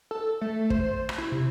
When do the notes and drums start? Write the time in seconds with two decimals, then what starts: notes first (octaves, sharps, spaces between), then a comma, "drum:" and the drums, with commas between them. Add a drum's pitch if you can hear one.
0.11 A4
0.41 A3
0.70 C5, drum: kick
1.09 drum: rim click
1.18 E4
1.32 C3